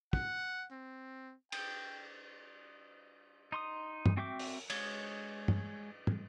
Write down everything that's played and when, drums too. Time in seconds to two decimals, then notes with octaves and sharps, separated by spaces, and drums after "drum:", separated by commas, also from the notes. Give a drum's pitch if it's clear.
0.13 F#5, drum: kick
0.71 C4
1.52 G5, drum: cymbal
3.52 D#4 C6 D#6
4.06 drum: tom
4.17 C4 F#4 E5 G5 D6
4.39 drum: open hi-hat
4.70 G#3 C#5, drum: cymbal
5.48 drum: tom
6.07 drum: tom